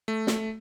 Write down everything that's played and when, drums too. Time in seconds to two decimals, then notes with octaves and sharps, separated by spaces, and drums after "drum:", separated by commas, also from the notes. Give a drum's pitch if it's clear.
0.08 A3
0.27 drum: snare